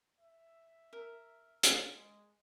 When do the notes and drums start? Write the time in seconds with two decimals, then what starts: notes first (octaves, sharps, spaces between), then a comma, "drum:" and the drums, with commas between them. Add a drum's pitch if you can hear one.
0.20 E5
0.93 A#4
1.63 drum: hi-hat
1.90 G#3